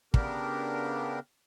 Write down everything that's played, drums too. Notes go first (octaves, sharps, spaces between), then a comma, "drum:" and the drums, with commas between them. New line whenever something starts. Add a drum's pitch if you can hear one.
C#3 B3 D4 G4 A#4, drum: kick